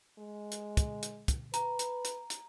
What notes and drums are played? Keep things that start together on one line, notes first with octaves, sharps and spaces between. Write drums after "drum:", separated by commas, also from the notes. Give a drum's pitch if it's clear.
G#3
drum: hi-hat
drum: kick, hi-hat
drum: hi-hat
drum: kick, hi-hat
B4 A#5, drum: hi-hat
drum: hi-hat
drum: hi-hat
drum: hi-hat